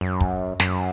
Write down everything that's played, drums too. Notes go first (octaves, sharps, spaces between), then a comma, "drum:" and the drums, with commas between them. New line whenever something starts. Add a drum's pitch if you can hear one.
F#2
drum: kick
F#2, drum: snare